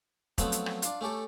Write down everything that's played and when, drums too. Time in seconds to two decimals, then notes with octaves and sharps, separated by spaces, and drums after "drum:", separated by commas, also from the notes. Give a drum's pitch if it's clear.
0.38 F3 F#3 A3 B3 C4, drum: kick, hi-hat
0.52 drum: hi-hat
0.66 drum: rim click
0.82 D4 F4, drum: hi-hat
1.01 A3 C#4 G4 A4